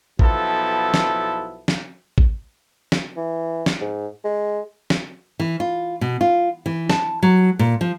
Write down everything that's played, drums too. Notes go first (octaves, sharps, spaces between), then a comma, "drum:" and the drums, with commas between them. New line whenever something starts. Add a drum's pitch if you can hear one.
B1 F3 B3 E4 A4, drum: kick A1
drum: snare
drum: snare
drum: kick A1
drum: snare
E3
drum: snare
G#2
G#3
drum: snare
E3
F4
B2
F4
E3
A5, drum: snare
F#3
A#2
F3